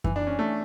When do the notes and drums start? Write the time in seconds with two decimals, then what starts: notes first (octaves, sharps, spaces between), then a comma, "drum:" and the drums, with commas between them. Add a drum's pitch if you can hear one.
0.04 E3, drum: kick F#2
0.16 D4
0.27 C#4
0.39 A3